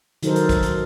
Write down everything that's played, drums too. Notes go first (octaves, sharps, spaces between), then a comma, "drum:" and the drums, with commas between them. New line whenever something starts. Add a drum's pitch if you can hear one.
D#3 F#3 D#4 A4 A#4 C5, drum: hi-hat
drum: hi-hat
drum: kick, hi-hat
drum: hi-hat